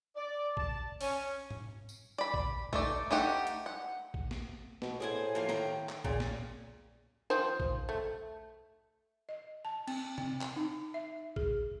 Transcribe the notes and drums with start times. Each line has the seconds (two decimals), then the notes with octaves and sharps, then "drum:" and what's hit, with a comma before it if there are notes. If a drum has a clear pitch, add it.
0.16 D5
0.57 A5, drum: kick
1.01 C#4, drum: open hi-hat
1.50 drum: tom G#2
1.89 drum: tambourine
2.18 D5 B5
2.34 drum: kick
2.73 A3 D#4 D5, drum: kick
3.11 A3 D#4 G4 F#5
3.47 drum: hi-hat
3.66 F#5
4.14 drum: kick
4.31 drum: snare
4.82 B2, drum: snare
5.00 A2 G#4 C5 G#5
5.35 F3 A#3 F4
5.49 D#3 A#5, drum: snare
5.89 drum: clap
6.04 A#2 C#3, drum: kick
6.20 drum: snare
7.30 D#3 F3 C5
7.60 drum: kick
7.89 A3
9.29 D#5
9.65 A5
9.87 C4, drum: cymbal
10.18 C4, drum: tom C3
10.41 drum: clap
10.56 D#4
10.94 E5
11.36 G#4, drum: kick